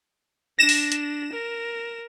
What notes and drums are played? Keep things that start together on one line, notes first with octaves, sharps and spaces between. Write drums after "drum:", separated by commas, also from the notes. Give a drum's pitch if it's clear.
D4 A#6 E7
drum: open hi-hat
drum: hi-hat
A#4